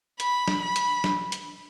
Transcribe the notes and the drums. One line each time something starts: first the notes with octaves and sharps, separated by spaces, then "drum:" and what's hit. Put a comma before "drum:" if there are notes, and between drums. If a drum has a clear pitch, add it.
B5, drum: hi-hat
drum: snare
B5
drum: hi-hat
drum: snare
drum: hi-hat